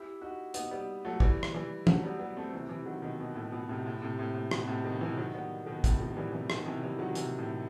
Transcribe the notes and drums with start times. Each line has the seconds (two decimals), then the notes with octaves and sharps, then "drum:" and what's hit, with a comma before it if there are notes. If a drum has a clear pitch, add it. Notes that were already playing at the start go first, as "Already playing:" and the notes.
Already playing: E4 G4
0.21 D#4 F#4
0.54 B3 D#4, drum: hi-hat
0.71 G3 B3
1.05 F#3 A3
1.20 E3 G3, drum: kick
1.43 drum: rim click
1.54 E3 G3
1.87 F#3 A3, drum: tom
2.03 G3 B3
2.19 G3 B3
2.36 A3 C4
2.53 C3 E3
2.69 C3 E3
2.86 D#3 F#3
3.02 B2 D#3
3.20 B2
3.35 A2
3.52 B2
3.69 A2 C3
3.86 A2
4.02 A2 C3
4.18 A2 C3
4.34 A2
4.51 B2, drum: rim click
4.67 A2 C3
4.84 B2 D#3
5.01 C3 E3
5.17 D#3 F#3
5.34 G3 B3
5.66 B2 D#3
5.84 A2 C3, drum: kick, hi-hat
6.00 B2 D#3
6.17 E3 G3
6.33 C3 E3
6.50 B2 D#3, drum: rim click
6.66 C3 E3
6.82 E3 G3
6.99 D#3 F#3
7.15 C3 E3, drum: hi-hat
7.38 A2 C3